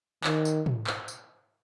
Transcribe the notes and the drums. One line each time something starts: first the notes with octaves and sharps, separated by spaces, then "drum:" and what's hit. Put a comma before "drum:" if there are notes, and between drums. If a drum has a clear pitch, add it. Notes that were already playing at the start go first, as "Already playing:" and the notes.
D#3, drum: clap
drum: tambourine
drum: tom
drum: clap
drum: tambourine